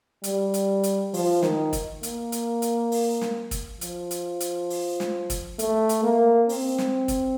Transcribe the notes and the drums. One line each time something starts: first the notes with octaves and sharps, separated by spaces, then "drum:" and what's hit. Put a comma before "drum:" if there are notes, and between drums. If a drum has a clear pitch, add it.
G3, drum: hi-hat
drum: hi-hat
drum: hi-hat
F3, drum: open hi-hat
D#3, drum: snare
drum: kick G1, hi-hat
A#3, drum: hi-hat
drum: hi-hat
drum: hi-hat
drum: open hi-hat
drum: snare
drum: kick G1, hi-hat
F3, drum: hi-hat
drum: hi-hat
drum: hi-hat
drum: open hi-hat
drum: snare
drum: kick G1, hi-hat
A3, drum: hi-hat
drum: hi-hat
A#3
C4, drum: open hi-hat
drum: snare
drum: kick G1, hi-hat